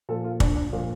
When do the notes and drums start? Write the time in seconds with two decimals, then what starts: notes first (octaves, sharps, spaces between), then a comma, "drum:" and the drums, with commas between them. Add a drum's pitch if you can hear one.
0.09 A#2 F3 A4
0.24 F4
0.40 A#1 D4, drum: kick
0.56 D4
0.73 A#2 F3